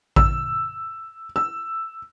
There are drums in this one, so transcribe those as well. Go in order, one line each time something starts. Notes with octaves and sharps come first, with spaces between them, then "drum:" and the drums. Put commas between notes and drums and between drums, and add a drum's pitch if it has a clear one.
E6, drum: kick A1
E6